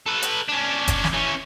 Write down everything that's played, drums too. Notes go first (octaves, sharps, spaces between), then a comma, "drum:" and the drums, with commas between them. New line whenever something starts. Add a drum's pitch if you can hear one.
A4 B4
drum: hi-hat
C#4 D4
drum: kick F1, hi-hat
drum: snare
E3 C#4